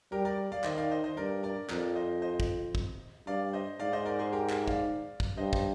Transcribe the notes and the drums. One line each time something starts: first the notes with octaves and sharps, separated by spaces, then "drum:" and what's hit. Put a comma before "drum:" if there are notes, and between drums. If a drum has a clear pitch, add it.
G3 G4 A#4
A#4 D5
D5 F5
D#3 C5 D#5, drum: clap
D5 F5
C5 D#5
C5 D#5
G2 A#4 D5
A#4 D5
F2 A#4 D5, drum: clap
C5 D#5
C5 D#5
drum: kick
drum: kick
G2 D5 F5
C5 D#5
G#2 D5 F5
C5 D#5
A#4 D5
G#4 C5
G4 A#4
G4 A#4, drum: clap
D5 F5, drum: kick
drum: kick
G2 C5 D#5
C5, drum: kick